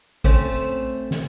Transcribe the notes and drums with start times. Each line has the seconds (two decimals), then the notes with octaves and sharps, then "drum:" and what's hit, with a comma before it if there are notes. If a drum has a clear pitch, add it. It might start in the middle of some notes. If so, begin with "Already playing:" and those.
0.24 A3 C4 C#4, drum: kick A1
1.11 drum: snare